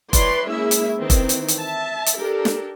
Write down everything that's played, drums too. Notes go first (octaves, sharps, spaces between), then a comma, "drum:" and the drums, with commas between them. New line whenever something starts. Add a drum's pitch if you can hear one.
E3 B4 C#5 D5 C6, drum: kick F1, hi-hat
G#3 A#3 C#4 E4 G#4 E5
drum: hi-hat
D#3 E3 C4
drum: kick F1, hi-hat
drum: hi-hat
drum: hi-hat
E5 A5
drum: hi-hat
D4 G4 A4 A#4
drum: snare